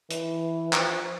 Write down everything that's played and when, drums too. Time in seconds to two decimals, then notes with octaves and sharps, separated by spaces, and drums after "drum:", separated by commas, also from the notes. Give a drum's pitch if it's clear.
0.11 E3, drum: hi-hat
0.73 F3, drum: clap